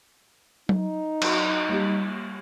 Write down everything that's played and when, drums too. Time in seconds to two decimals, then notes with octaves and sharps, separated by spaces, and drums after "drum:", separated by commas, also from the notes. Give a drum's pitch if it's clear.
0.69 D#4, drum: tom F#3
1.22 F#3 F#4, drum: cymbal
1.69 G3 A#3 G4